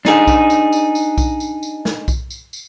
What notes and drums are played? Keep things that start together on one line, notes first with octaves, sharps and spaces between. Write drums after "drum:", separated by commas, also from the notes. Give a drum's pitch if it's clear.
D4 D#4 G#4, drum: snare
drum: kick B1, tambourine
drum: tambourine
drum: tambourine
drum: tambourine
drum: kick B1, tambourine
drum: tambourine
drum: tambourine
drum: snare
drum: kick B1, tambourine
drum: tambourine
drum: tambourine